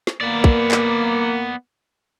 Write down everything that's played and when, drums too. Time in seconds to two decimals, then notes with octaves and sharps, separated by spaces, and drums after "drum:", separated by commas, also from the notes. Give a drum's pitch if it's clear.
0.07 drum: snare
0.21 A#3 B3 D5
0.44 drum: kick
0.71 drum: clap